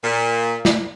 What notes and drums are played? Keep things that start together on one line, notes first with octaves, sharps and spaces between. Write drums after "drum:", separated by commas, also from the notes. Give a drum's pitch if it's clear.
A#2
drum: snare